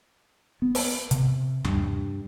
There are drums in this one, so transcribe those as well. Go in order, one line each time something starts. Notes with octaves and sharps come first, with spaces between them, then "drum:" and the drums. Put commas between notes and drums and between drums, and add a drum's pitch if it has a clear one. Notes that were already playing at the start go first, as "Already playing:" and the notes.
B3
drum: open hi-hat
C3, drum: hi-hat
G2, drum: tom D#2